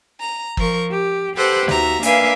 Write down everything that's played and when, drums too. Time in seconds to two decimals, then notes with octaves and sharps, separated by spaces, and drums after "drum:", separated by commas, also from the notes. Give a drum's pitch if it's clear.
0.21 A#5
0.57 F3 A#4 C#6, drum: kick
0.90 G4
1.35 G4 A4 B4 C5 F#5
1.68 D#2 F#4 E5 A#5, drum: snare
2.03 A#3 D4 B4 E5 F5 G#5, drum: hi-hat